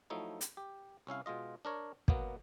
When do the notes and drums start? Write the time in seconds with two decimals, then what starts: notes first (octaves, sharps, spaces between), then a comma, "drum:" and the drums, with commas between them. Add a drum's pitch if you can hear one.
0.10 F3 F#3 A3 D#4 E4
0.41 drum: hi-hat
0.57 G4
1.07 C2 C#4 E4 F5
1.26 B2 G#3 F4 D#5
1.65 D4 A#4 C#5
2.08 B2 F#3 A#3 B3, drum: kick